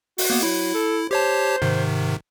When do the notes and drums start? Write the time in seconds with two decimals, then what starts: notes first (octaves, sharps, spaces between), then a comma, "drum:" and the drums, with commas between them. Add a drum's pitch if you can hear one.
0.18 F#4, drum: open hi-hat
0.30 A#3 B3
0.43 F#3 E4
0.74 A4
1.11 G4 C5 C#5 A5
1.62 G#2 C3 D#3